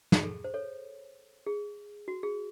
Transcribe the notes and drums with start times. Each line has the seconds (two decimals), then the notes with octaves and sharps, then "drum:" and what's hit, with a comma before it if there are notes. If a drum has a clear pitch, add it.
0.12 G#4, drum: snare
0.23 A4
0.44 C5
0.54 A4 C#5
1.47 G#4
2.08 F#4
2.23 G#4